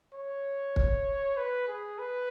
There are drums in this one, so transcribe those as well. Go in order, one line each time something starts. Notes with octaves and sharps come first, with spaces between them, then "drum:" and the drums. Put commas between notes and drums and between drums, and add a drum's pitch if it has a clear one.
C#5
drum: kick
B4
G#4
B4